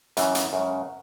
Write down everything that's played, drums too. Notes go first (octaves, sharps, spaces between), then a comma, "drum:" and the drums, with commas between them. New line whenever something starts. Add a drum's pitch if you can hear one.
F#2 C#3 E3, drum: hi-hat
drum: hi-hat
F#2 C#3 G#3